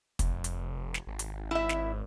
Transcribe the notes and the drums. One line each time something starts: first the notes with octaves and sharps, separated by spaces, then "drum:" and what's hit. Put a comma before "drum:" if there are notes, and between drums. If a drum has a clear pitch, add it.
F1, drum: kick, hi-hat
drum: hi-hat
drum: snare
G#1
drum: hi-hat
E4 E5
drum: snare